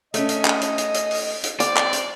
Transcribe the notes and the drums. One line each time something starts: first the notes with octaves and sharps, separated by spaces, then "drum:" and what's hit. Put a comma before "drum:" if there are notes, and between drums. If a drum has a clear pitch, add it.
A3 C#4 D#5, drum: hi-hat
drum: hi-hat
drum: clap
drum: hi-hat
drum: hi-hat
drum: hi-hat
drum: open hi-hat
drum: hi-hat
C4 D5 D6, drum: hi-hat
drum: clap
drum: hi-hat